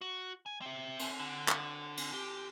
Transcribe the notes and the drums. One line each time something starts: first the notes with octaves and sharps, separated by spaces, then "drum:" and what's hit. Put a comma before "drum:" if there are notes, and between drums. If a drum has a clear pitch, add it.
F#4
G#5
C4 E5
drum: cymbal
D3
drum: clap
drum: cymbal
G4